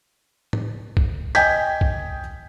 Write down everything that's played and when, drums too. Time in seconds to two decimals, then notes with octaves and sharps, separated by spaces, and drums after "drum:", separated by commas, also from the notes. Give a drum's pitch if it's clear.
0.53 drum: tom
0.97 drum: kick
1.35 D#5 G5 G#5 G6 G#6 B6, drum: hi-hat
1.81 drum: kick